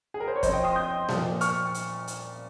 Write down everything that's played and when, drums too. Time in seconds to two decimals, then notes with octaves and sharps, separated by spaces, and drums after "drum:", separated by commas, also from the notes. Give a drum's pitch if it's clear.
0.14 G#4
0.20 A#4
0.28 C5
0.36 C#5
0.43 F3 C4 C5 D#5, drum: kick, hi-hat
0.53 D#5 G5
0.64 C6 D#6
0.75 D#6 G6
1.09 A#2 F3 A#3, drum: snare A#3
1.41 C#6 F6, drum: hi-hat
1.74 drum: hi-hat
2.08 drum: hi-hat